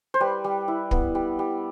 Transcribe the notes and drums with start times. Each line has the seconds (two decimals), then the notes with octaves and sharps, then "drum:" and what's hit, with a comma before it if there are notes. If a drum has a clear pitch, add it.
0.14 C5
0.20 G3 B4
0.44 G3
0.68 E4
0.91 B3, drum: kick
1.15 G3
1.39 G3